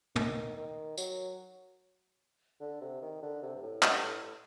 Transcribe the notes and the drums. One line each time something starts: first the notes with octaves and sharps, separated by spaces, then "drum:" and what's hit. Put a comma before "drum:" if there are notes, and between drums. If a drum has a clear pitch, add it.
D#3, drum: tom
D#3
F#3, drum: tambourine
D3
C3
D#3
D3
C3
G2
A2
G2, drum: clap
A2